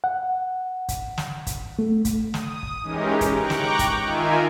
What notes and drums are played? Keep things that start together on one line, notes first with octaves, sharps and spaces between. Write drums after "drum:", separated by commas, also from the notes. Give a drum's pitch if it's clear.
F#5
drum: kick, hi-hat
drum: snare
drum: kick, hi-hat
A3
drum: kick, hi-hat
D#6, drum: snare
drum: kick
E3 G#3 C#4 D#4 G4 A#4
drum: kick, hi-hat
G5 A#5 C#6 D6 F#6
drum: snare
drum: kick, hi-hat
D#3 D#4 F4 A#4 E5 G#5